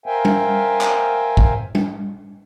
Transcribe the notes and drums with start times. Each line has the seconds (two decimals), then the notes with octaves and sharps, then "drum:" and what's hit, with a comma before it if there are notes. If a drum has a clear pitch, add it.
0.06 A#4 C5 E5 F5 G5 G#5
0.25 drum: tom G3
0.81 drum: clap
1.37 drum: kick
1.75 drum: tom G3